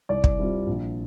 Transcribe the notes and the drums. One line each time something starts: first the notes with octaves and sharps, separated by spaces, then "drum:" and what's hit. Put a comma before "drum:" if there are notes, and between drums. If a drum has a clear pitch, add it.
C2 D5
drum: kick
C3 G3 C4 F4
A#1